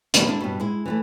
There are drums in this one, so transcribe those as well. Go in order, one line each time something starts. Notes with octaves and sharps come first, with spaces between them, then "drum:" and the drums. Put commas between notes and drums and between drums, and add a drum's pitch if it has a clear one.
E2 B2 D#3 G3 A#3 B3, drum: hi-hat
G#3 D4 E4
G2 B2
G#3 E4
E3 G3 A3